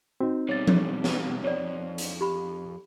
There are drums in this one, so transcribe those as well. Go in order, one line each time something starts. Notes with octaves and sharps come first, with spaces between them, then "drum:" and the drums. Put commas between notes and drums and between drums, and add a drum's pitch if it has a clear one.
C4 D#4 F#4
B2 G3 C#5 A6
drum: tom F3
drum: snare
F2 C#5 D5
drum: hi-hat
G4 B5